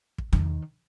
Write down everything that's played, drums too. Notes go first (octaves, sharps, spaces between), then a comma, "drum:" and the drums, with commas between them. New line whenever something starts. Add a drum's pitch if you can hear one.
drum: kick
D#3, drum: tom E2